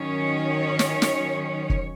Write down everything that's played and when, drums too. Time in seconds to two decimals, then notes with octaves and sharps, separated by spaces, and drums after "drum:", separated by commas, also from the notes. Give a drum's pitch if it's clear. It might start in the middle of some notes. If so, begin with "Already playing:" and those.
Already playing: D#3 F#3 C#4 C#5
0.79 drum: snare
1.02 drum: snare
1.70 drum: kick